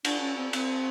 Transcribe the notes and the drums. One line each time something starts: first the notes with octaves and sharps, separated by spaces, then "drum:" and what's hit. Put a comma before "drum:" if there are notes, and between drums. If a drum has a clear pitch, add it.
D4, drum: cymbal
C#4
C4
C4, drum: cymbal